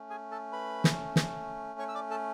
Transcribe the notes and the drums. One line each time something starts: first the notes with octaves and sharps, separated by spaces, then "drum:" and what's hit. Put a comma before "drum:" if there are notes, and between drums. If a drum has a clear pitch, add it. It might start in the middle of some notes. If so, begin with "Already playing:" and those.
Already playing: A3 C#4
G#4 G#5
A4 A5
B4 B5
drum: snare
drum: snare
C#5 C#6
E6
D5 D6
A4 A5